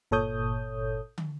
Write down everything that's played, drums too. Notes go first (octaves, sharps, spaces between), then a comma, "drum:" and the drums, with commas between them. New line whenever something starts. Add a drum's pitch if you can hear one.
G1 A#2 A4 C#5 D#6 G6
drum: tom